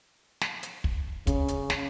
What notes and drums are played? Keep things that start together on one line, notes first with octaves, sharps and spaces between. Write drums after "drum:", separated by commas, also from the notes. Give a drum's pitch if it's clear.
drum: snare
drum: hi-hat
drum: kick
C#3, drum: kick, hi-hat
drum: hi-hat
drum: snare